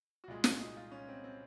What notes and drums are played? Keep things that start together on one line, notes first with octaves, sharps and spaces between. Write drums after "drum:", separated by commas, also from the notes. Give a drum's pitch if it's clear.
F#4
C2 A#2 G#3 F4
F#4, drum: snare
D#4
F4
C#4
C4
C4